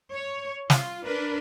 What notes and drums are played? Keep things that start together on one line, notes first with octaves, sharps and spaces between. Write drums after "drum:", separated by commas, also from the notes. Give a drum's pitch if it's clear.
C#5
F4, drum: snare
D4 A#4 B4